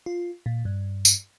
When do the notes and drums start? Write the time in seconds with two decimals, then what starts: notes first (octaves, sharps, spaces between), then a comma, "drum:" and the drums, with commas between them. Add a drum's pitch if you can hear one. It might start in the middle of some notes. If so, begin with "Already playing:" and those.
0.06 F4
0.46 A#2
0.65 G2
1.05 drum: tambourine